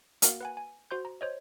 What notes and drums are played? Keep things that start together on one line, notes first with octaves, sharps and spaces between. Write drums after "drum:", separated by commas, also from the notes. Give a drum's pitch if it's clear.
A#3 F#4 A#4 F5 F#5, drum: hi-hat
B4 F#5 G#5
G#5
F#4 C5 C6 G6
A#5
C5 C#5 D#5